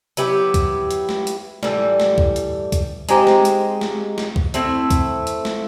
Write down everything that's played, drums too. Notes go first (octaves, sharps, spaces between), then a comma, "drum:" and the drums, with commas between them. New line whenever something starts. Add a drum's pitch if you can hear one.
F#3 B3 E4 G4, drum: hi-hat
drum: kick C2, hi-hat
drum: hi-hat
drum: snare
drum: hi-hat
A2 E3 G3, drum: snare
drum: snare
drum: kick C2
drum: hi-hat
drum: kick C2, hi-hat
G#3 C4 D#4 G4, drum: hi-hat
drum: snare
drum: hi-hat
drum: snare
drum: snare
drum: kick C2
A3 C4 E4, drum: hi-hat
drum: kick C2, hi-hat
drum: hi-hat
drum: snare